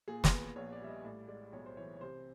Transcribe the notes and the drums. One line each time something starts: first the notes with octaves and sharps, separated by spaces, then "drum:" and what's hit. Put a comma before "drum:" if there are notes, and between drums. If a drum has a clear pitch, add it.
A#2 G#4
B4, drum: snare
B3
A#1 C#5
D5
G3 E5
D#5
A2 D5
G#3 D5
B1 C#5
C5
E3 C#5
C#5
C3 C5